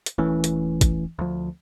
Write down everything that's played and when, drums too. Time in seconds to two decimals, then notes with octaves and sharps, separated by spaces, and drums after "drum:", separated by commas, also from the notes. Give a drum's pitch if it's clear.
0.06 drum: hi-hat
0.18 D#1 E3 A3 C#4
0.44 drum: hi-hat
0.81 drum: kick, hi-hat
1.19 D2 F3